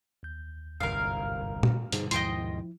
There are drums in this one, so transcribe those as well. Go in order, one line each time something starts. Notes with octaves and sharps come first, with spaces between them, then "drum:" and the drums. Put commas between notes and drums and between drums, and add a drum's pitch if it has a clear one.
D#2 G6
G1 C2 G#2 A#4 F5
drum: tom A#2
G2 B2 D3 D#4 G#4 C5, drum: hi-hat
D#2 G#2 B2 F3 E4 D#5 G5 C6, drum: hi-hat